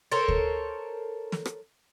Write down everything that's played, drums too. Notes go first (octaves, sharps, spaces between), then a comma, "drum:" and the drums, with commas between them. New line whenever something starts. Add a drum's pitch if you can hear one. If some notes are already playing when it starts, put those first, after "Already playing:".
A4 A#4 C5 C#5
drum: kick
drum: snare
drum: rim click